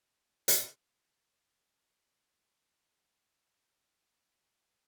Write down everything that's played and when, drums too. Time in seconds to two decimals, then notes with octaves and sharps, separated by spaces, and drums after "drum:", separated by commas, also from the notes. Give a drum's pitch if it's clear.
0.04 G#3 E5 B5
0.48 drum: hi-hat
2.73 B2
2.90 A#2
3.47 F#6
3.62 A#2
3.74 C#6
3.87 E5
4.00 B1
4.19 E4
4.32 G3
4.47 E5
4.60 C3
4.71 G5